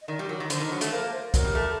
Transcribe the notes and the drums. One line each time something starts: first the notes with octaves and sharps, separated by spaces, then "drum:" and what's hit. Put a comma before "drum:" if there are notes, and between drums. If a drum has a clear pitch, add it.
D#5
D#3 D5
G3
F#3 A#4
D#3
D3 C5, drum: hi-hat
D#3
F#3
A3, drum: hi-hat
A#3 C5
A#4
C5
F#3 A#4, drum: kick, hi-hat
G3
A3